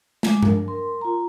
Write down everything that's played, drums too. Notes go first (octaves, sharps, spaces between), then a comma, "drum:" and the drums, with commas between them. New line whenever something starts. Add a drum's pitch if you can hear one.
G#3 D6, drum: snare
D4 A#4, drum: tom G2
A#4 C6
F4 A#5